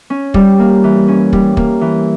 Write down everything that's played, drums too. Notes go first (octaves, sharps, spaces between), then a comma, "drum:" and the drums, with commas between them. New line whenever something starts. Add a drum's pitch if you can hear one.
C#4
G3, drum: kick
A#3
E3
C#4
G3, drum: kick
A#3, drum: kick
E3